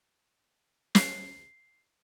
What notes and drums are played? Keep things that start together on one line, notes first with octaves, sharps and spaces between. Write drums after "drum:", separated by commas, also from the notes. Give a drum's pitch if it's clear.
C7, drum: snare